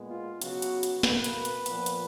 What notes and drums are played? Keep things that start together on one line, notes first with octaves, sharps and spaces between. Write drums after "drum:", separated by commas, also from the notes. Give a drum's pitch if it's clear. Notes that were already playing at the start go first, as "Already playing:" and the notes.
Already playing: A#2 G#3 B3
F4
C#3 F#3 B3 F#4, drum: hi-hat
drum: hi-hat
drum: hi-hat
B2 A#3 B4, drum: snare
drum: hi-hat
drum: hi-hat
A#2 F3 B3, drum: hi-hat
drum: hi-hat